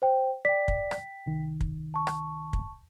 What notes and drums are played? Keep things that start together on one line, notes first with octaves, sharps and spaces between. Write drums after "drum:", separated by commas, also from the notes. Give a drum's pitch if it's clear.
C5 G5
D5 G5 B6
drum: kick
drum: rim click
C2 D#3
drum: kick
A5 C#6
drum: rim click
drum: kick